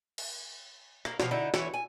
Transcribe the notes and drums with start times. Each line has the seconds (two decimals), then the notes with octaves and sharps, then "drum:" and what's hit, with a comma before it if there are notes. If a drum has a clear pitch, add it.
0.18 drum: cymbal
1.05 A#3, drum: rim click
1.20 B2 F3, drum: snare
1.31 D3 D#4 E4
1.54 E3 E4 C#5, drum: snare
1.74 G#5